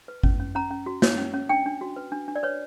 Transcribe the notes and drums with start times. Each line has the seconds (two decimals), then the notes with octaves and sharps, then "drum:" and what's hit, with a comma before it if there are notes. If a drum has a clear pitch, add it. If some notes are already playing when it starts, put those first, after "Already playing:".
0.08 B4
0.23 C#4, drum: kick G#1
0.40 C#4
0.55 C#4 A#5
0.70 C#4
0.86 F#4
1.02 C#5, drum: snare
1.18 C#4
1.33 C#4
1.49 D4 G5
1.66 D4
1.81 F#4
1.96 B4
2.12 D4
2.28 D4
2.36 D5
2.43 B4 C#5